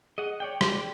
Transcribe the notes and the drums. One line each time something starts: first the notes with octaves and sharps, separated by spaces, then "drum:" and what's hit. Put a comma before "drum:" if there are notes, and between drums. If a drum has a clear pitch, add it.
G#4 D#5 F#5
C#5 D5 G5
D5 G5, drum: rim click